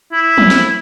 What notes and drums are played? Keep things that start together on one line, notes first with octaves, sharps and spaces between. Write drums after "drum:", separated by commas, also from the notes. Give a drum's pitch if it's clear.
E4
drum: tom
drum: snare